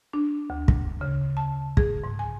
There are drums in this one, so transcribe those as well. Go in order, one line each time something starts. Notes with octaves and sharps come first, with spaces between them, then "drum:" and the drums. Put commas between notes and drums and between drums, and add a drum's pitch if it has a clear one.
D4
D2
drum: kick
C#3
A5
G#4, drum: kick
G#2
G#5